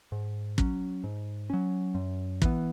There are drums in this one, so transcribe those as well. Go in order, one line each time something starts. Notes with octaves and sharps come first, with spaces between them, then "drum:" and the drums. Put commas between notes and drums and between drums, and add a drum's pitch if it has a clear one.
G#2
F#3 C#4, drum: kick
G#2
F#3 C#4
F#2
E3 B3, drum: kick